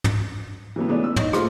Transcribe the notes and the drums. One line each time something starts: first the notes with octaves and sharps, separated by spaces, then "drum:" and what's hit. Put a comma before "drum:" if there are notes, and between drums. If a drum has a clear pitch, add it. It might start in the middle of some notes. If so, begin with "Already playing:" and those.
drum: tom
E3 F#3 A3 B3
E3 G#3 A3 B3 C#4 D4
E6
D#4 C#5, drum: tom
A3 A#3 F4 G#4 C5 C6, drum: rim click